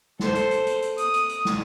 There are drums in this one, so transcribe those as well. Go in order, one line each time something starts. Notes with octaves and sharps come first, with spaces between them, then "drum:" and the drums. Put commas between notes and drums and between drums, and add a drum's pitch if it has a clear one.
A4 C5, drum: snare
drum: hi-hat
drum: hi-hat
drum: hi-hat
drum: hi-hat
D#6, drum: hi-hat
drum: hi-hat
drum: hi-hat
drum: snare